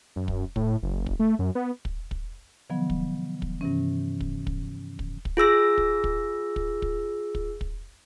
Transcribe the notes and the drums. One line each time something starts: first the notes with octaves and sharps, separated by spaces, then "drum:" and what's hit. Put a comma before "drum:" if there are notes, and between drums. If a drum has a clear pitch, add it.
F#2
drum: kick
A2, drum: kick
F#1
drum: kick
A3
F#2
B3
drum: kick
drum: kick
C3 D#3 F3 F#3 B3
drum: kick
drum: kick
G2 C3 E3 C#4
drum: kick
drum: kick
drum: kick
drum: kick
F4 G#4 E6 A#6
drum: kick
drum: kick
drum: kick
drum: kick
drum: kick
drum: kick